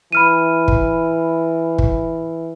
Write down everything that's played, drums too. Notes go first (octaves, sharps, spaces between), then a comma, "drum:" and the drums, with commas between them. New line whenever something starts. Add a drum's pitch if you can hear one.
E3 B5 F6 D#7
drum: kick G1
drum: kick G1